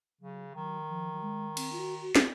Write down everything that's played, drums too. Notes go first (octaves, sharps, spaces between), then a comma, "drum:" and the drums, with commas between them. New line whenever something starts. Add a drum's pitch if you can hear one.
C#3 F#3
D#3 F#3
F3
F#3
G#3
C4, drum: cymbal
F4
F#4
F#4
G#4, drum: snare